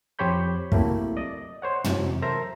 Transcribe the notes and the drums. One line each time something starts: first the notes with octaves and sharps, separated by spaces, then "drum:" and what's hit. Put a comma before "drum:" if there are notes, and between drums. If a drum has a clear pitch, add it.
F2 G4 C5 C#5 B5 G6
F#3 A3 A#3 C4 E4 G4, drum: kick
D5 D#5
C5 C#5 F#5
C3 E3 F#3, drum: tom
A4 A#4 C5 E5 A#5